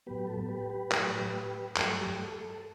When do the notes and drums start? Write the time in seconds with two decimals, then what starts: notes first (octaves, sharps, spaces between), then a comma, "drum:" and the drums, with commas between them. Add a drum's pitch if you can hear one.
0.06 A2 F#3 B3 G4 B4
0.27 A4
0.49 G4 B4
0.70 G4 B4
0.91 A2 F#3 A3, drum: clap
1.77 G2 F#3 A3 A4, drum: clap
1.98 G4
2.19 A4
2.41 A4